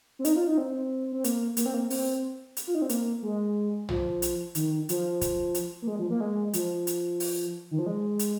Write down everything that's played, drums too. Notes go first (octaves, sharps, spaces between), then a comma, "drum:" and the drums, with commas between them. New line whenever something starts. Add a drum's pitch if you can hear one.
C4
D#4, drum: hi-hat
F4
D#4
C4
C4
A#3, drum: hi-hat
A#3, drum: hi-hat
C4
A#3
C4, drum: open hi-hat
drum: hi-hat
F4
D#4
C4
A#3, drum: hi-hat
G#3
F3, drum: tom
drum: hi-hat
D#3, drum: hi-hat
F3, drum: hi-hat
drum: kick, hi-hat
drum: hi-hat
A#3
G#3
F3
A#3
G#3
F3, drum: hi-hat
drum: hi-hat
drum: open hi-hat
D#3
F3
G#3
drum: hi-hat